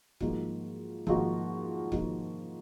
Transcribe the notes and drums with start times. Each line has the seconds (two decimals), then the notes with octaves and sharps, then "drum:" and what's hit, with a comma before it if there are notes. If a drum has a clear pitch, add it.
0.20 G#2 F3 A#3 D#4 F#4, drum: kick C#1
1.07 G#2 F3 A#3 D#4 F#4, drum: kick C#1
1.92 G#2 F3 A#3 D#4 F#4, drum: kick C#1